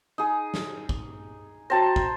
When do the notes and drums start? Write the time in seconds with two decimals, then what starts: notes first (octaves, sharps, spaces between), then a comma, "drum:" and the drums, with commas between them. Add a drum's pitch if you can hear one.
0.18 D#4 G#4
0.54 drum: snare
0.89 drum: kick
1.70 F#4 C5 G5 A5 A#5 A#6
1.96 drum: kick